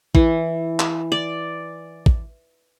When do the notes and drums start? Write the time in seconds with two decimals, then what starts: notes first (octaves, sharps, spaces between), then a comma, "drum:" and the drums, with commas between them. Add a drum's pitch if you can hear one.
0.15 E3, drum: kick
0.80 drum: clap
1.12 D5
2.06 drum: kick